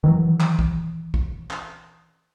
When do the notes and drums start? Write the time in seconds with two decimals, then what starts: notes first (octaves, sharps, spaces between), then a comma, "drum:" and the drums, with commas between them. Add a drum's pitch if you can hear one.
0.04 D#3 E3 F#3
0.40 drum: clap
0.59 drum: kick
1.14 drum: kick
1.51 drum: clap